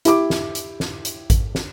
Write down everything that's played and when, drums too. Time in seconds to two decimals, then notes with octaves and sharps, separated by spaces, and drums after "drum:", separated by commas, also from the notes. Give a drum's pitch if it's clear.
0.05 E4 G4 D6, drum: hi-hat
0.30 drum: snare
0.55 drum: hi-hat
0.80 drum: snare
1.05 drum: hi-hat
1.30 drum: kick A1, hi-hat
1.55 drum: snare